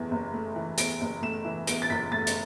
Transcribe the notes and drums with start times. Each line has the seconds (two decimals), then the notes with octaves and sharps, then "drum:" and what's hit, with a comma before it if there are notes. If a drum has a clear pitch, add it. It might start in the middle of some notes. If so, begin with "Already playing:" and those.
Already playing: F#1 E2 E3 A3
0.11 F#1
0.34 A3
0.56 E3
0.78 E2 D7, drum: hi-hat
1.01 F#1
1.22 A3 E7
1.45 E3
1.67 E2 D7, drum: hi-hat
1.82 A6
1.90 F#1 B6
2.12 A3 A6
2.27 drum: hi-hat